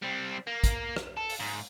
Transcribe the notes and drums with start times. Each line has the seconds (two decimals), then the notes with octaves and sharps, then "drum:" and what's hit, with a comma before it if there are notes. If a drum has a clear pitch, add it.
0.02 G3 C4
0.47 A#3
0.64 drum: kick, hi-hat
0.96 drum: rim click
1.17 A4
1.29 drum: open hi-hat
1.40 G#2